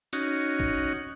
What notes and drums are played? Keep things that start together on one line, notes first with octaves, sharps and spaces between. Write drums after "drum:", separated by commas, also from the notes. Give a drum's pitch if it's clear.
C#4 D#4 F#4, drum: hi-hat
drum: kick